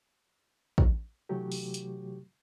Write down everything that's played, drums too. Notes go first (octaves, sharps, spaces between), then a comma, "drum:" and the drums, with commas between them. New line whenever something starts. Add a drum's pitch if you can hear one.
drum: kick
C3 E3 F#3 A3 F#4 G4
drum: open hi-hat
drum: hi-hat